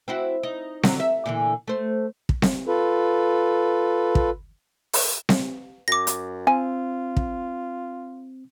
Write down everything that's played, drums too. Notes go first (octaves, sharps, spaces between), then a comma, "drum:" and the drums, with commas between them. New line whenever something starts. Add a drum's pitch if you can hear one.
C4 E4 F#4
D#4
D3 F#3, drum: snare C4
E5
A#2 D3 E3
A3 C5
drum: kick
drum: snare C4
F4 A4 B4
drum: kick
drum: open hi-hat
drum: snare C4
F#2 D6 A#6
drum: hi-hat
C4 F4 G#5
drum: kick